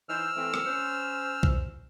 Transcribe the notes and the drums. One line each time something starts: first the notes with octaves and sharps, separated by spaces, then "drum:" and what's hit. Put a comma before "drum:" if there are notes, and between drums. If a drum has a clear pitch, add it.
E3 D#4 C5 E6 F6
E3 A3 C4
drum: rim click
C#4 C5
drum: kick